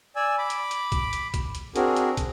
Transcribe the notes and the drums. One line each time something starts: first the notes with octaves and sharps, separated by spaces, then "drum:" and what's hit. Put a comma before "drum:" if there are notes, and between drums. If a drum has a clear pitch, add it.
D5 G#5 E6
B5 D6
drum: hi-hat
drum: hi-hat
drum: kick, hi-hat
drum: hi-hat
drum: kick, hi-hat
drum: hi-hat
C4 D4 F#4 G#4 A#4, drum: hi-hat
drum: hi-hat
drum: kick, hi-hat